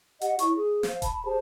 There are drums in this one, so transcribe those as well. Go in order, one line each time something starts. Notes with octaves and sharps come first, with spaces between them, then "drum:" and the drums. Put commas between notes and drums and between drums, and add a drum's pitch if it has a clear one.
G4 D#5 F#5, drum: hi-hat
E4 C#5 C#6, drum: hi-hat
G#4
C5 F5, drum: snare
A5 B5, drum: kick D#1, hi-hat
G4 G#4 C5 A5